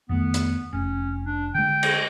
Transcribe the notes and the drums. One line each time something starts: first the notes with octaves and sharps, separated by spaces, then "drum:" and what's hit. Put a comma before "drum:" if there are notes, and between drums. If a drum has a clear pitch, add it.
F2 D#3 A3 B3
drum: hi-hat
F1 C#4
D4
D3 G#3 G5
drum: cymbal